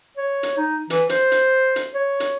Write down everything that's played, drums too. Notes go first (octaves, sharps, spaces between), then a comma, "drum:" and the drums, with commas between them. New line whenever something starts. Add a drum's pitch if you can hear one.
C#5
drum: hi-hat
D#4
E3, drum: hi-hat
C5, drum: hi-hat
drum: hi-hat
drum: hi-hat
C#5
drum: hi-hat